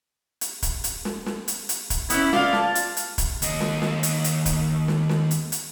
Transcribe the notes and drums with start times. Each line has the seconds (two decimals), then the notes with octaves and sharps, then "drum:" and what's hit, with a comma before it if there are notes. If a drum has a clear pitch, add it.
0.41 drum: hi-hat
0.62 drum: kick, hi-hat
0.84 drum: hi-hat
1.05 drum: snare
1.26 drum: snare
1.48 drum: hi-hat
1.69 drum: hi-hat
1.90 drum: kick, hi-hat
2.10 B3 C#4 E4, drum: hi-hat
2.33 F4 D5 F5, drum: snare
2.53 A5, drum: snare
2.75 drum: hi-hat
2.97 drum: hi-hat
3.18 drum: kick, hi-hat
3.42 D#2 D#5, drum: hi-hat
3.60 drum: snare
3.82 drum: snare
4.03 drum: hi-hat
4.24 drum: hi-hat
4.46 drum: kick, hi-hat
4.88 drum: snare
5.09 drum: snare
5.31 drum: hi-hat
5.52 drum: hi-hat